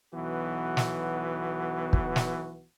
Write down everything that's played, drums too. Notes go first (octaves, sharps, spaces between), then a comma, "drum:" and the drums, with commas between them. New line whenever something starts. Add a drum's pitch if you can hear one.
B1 E3 B3 F#4
drum: snare
drum: kick
drum: snare